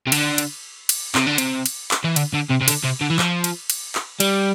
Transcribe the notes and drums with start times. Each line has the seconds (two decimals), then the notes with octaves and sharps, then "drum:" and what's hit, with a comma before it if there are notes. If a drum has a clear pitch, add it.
0.07 C3
0.12 D3, drum: cymbal
0.38 drum: cymbal
0.89 drum: cymbal
1.15 C3, drum: clap
1.27 D3
1.38 C3, drum: cymbal
1.66 drum: cymbal
1.91 drum: clap
2.04 E3
2.16 D3, drum: cymbal
2.34 D3
2.50 C3
2.62 C3
2.68 D3, drum: cymbal
2.84 C3
3.01 D3
3.10 E3
3.19 F3, drum: clap
3.44 drum: cymbal
3.70 drum: cymbal
3.95 drum: clap
4.20 G3, drum: cymbal